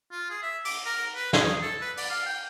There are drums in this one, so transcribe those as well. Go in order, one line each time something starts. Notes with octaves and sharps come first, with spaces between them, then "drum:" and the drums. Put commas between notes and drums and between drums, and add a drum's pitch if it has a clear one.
F4
G#4
E5
D6, drum: open hi-hat
A#4
B4
G#4, drum: snare
A4
B4
D5, drum: open hi-hat
F5
G5